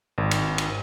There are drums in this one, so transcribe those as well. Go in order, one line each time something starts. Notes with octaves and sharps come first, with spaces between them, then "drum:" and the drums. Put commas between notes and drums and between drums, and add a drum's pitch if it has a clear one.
G#1
drum: cymbal
drum: cymbal